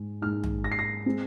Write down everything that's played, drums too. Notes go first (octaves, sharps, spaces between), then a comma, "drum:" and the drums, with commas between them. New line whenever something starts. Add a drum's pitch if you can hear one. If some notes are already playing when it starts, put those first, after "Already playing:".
Already playing: G#2 G#3
G#2 G#3 D#4 F6
drum: tom
A#6
C7
A#6
G#3 C4